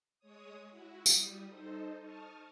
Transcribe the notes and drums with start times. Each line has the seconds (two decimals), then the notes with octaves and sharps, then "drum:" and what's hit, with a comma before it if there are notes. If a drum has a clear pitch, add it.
0.19 G#3 C#5 D#6
0.70 E4 F#4
1.06 G3 D#6, drum: tambourine
1.46 D#4 A4 C5 D#5
1.98 A5 C#6 D#6 F6